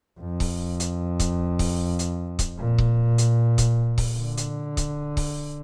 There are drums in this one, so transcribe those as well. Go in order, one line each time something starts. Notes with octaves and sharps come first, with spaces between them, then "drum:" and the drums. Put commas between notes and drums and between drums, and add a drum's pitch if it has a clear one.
F2
drum: kick C#1, open hi-hat
drum: hi-hat
drum: kick C#1, hi-hat
drum: kick C#1, open hi-hat
drum: hi-hat
drum: kick C#1, hi-hat
A#2
drum: kick C#1
drum: hi-hat
drum: kick C#1, hi-hat
drum: kick C#1, open hi-hat
D3
drum: hi-hat
drum: kick C#1, hi-hat
drum: kick C#1, open hi-hat